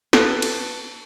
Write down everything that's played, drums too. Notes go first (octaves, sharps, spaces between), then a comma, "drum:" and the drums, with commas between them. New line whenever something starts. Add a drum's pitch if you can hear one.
A4 B4, drum: snare
drum: cymbal